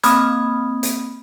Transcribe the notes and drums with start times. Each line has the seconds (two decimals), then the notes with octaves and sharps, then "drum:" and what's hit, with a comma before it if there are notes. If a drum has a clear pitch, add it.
0.03 A#3 C4 B5 D#6 F6 G#6, drum: hi-hat
0.83 drum: hi-hat